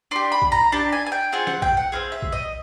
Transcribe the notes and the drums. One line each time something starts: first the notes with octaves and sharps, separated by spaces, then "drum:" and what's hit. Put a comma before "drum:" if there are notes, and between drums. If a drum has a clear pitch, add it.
D4 G4 C6
B5
drum: kick A#1
A#5
D4 G4 A5
G#5
G#5
G5
C4 F4 G#4 F#5
F#5, drum: snare
G5, drum: kick A#1
F#5
C4 F4 G#4 F5
E5
drum: kick A#1
D#5